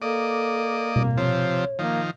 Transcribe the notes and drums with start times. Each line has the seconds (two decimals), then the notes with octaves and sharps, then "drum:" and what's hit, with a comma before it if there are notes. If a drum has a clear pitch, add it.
0.02 A#3 A4 D5 D#5
0.96 drum: tom B2
1.17 C3 F3 C#5
1.79 D#3 F3 A#3